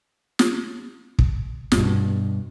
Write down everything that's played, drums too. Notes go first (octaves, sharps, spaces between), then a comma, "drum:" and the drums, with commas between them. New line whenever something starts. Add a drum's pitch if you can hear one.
drum: snare
drum: kick
G2 B2, drum: snare